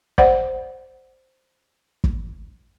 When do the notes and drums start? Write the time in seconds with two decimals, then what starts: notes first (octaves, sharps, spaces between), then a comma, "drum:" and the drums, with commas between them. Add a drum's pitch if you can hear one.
0.18 C5 D5 F#5, drum: kick
2.04 drum: kick